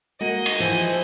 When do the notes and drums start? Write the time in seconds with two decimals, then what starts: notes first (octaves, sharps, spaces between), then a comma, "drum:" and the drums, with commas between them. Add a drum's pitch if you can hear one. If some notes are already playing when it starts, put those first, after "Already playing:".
0.21 A#3 F#4 D#5
0.46 drum: cymbal
0.60 E3 F3